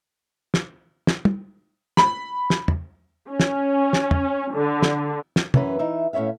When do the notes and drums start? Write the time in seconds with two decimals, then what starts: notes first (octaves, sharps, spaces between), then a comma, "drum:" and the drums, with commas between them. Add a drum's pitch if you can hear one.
0.54 drum: snare
1.07 drum: snare
1.25 drum: tom
1.97 B5, drum: snare
2.50 drum: snare
2.68 drum: tom
3.30 C#4
3.40 drum: snare
3.93 drum: snare
4.11 drum: tom
4.55 D3
4.82 drum: snare
5.36 drum: snare
5.54 F#2 E3 C#4 E4 B4, drum: tom
5.79 E3 D#4 E5
6.13 A2 C#4 C#5 E5 F5